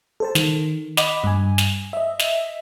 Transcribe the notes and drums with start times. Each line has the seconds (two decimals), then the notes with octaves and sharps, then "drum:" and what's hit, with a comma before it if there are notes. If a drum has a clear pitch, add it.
0.20 A4 C5 A5
0.35 D#3, drum: snare
0.97 D#5 F#5 B5 D6, drum: snare
1.24 G2 G#5
1.58 drum: snare
1.93 D#5 E5
2.19 drum: snare